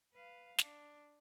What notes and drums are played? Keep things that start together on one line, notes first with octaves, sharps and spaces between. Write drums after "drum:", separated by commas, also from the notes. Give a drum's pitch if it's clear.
B4 F5
D4, drum: snare